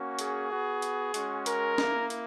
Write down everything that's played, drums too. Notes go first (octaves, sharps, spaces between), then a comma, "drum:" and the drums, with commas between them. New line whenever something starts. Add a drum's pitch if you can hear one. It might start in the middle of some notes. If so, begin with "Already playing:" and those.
Already playing: A#3 C#4 F#4
G#4, drum: hi-hat
B3 F#4
drum: hi-hat
G#3 C#4 F#4, drum: hi-hat
A#4, drum: hi-hat
A#3 E4, drum: snare
drum: hi-hat